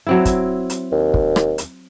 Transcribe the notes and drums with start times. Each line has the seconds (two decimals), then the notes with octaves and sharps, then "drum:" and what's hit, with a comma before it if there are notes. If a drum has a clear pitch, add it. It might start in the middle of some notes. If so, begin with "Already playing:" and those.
0.07 F#3 C4 E4
0.25 drum: kick, hi-hat
0.70 drum: hi-hat
0.92 D#2
1.14 drum: kick
1.36 drum: rim click
1.58 drum: hi-hat